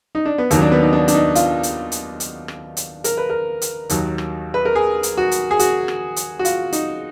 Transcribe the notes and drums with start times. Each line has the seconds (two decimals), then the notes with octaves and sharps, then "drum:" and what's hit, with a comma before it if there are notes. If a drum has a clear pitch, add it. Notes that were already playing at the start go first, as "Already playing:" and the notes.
0.15 D#4
0.25 D4
0.38 B3
0.51 D#2 D#3 F#3 A#3, drum: hi-hat
0.62 D4
0.72 B3
0.82 D#4
0.93 D4
1.08 D4, drum: hi-hat
1.14 D#4
1.35 F4, drum: hi-hat
1.63 drum: hi-hat
1.92 drum: hi-hat
2.20 drum: hi-hat
2.48 drum: rim click
2.77 drum: hi-hat
3.04 A#4, drum: hi-hat
3.17 B4
3.30 A#4
3.62 drum: hi-hat
3.89 D#2 D#3 F#3, drum: hi-hat
4.18 drum: rim click
4.54 B4
4.65 A#4
4.75 G#4
5.03 drum: hi-hat
5.17 F#4
5.31 drum: hi-hat
5.51 G#4
5.59 F#4, drum: hi-hat
5.88 drum: rim click
6.16 drum: hi-hat
6.39 F#4
6.45 F4, drum: hi-hat
6.72 D#4, drum: hi-hat